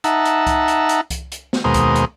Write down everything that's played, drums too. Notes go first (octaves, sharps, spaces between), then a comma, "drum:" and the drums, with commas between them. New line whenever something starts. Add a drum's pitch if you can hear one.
D#4 E5 F#5 A5 A#5, drum: hi-hat
drum: hi-hat
drum: kick C2, hi-hat
drum: hi-hat
drum: hi-hat
drum: kick C2, hi-hat
drum: hi-hat
drum: snare
D#2 B2 G#3 A#4 C5 D#6
drum: kick C2, hi-hat
drum: hi-hat